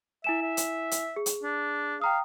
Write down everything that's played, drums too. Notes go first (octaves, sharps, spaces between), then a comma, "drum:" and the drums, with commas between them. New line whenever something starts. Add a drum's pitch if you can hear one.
E4 E5 G#5 E7
E5
drum: hi-hat
drum: hi-hat
G#4
drum: hi-hat
D4
F5 G5 A#5 D#6